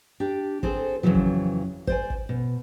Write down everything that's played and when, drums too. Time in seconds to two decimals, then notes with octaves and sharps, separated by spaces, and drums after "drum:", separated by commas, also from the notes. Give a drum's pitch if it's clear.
0.20 D4 G4
0.63 C4 G#4 A4 C5, drum: kick
1.03 F2 A2 C#3 E3 F#3
1.15 drum: kick
1.87 C5 D5 G#5, drum: kick
2.10 drum: kick
2.29 B2